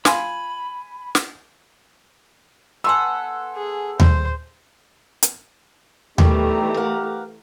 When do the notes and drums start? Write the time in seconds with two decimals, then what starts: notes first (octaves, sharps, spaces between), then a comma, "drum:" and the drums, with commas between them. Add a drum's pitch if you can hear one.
0.05 F4 G#5 B5, drum: snare
1.15 drum: snare
2.84 B3 A4 F#5 G#5 C6 E6
3.55 G#4
4.00 C5, drum: tom D#2
5.23 drum: hi-hat
6.18 B2 D#3 E3 G3 A3 G4 A#5, drum: tom D#2
6.77 A#4 F5 F#5